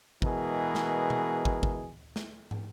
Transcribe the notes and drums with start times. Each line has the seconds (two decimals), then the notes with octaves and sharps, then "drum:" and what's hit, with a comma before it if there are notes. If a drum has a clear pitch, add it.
0.22 B2 E3 G#3 G#4 A#4, drum: kick
0.75 drum: snare
1.10 drum: tom B2
1.45 drum: kick
1.63 drum: kick
2.16 drum: snare
2.51 drum: tom